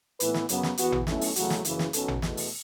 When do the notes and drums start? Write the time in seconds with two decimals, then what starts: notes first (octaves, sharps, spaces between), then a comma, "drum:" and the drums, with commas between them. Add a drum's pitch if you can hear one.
0.20 A2 E3 B3 E4 B4, drum: hi-hat
0.34 drum: snare
0.49 F#2 C#3 F#3 B3, drum: hi-hat
0.63 drum: snare
0.77 E2 E3 B3 F#4, drum: hi-hat
0.92 drum: tom A1
1.07 B1 B2 A3 C#4 E4, drum: snare
1.21 drum: open hi-hat
1.36 E2 C#3 F#3 A3 F#4, drum: hi-hat
1.50 drum: snare
1.65 F#1 F#2 C#3 E3, drum: hi-hat
1.79 drum: snare
1.93 B1 B2 F#3 C#4 A4, drum: hi-hat
2.08 drum: tom A1
2.22 E2 B2 A3, drum: snare
2.37 drum: open hi-hat